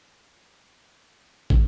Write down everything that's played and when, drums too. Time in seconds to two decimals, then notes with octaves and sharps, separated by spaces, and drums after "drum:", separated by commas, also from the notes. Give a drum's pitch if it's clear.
0.13 A#3 C#4 F#4
0.38 G#4 E5
1.50 drum: kick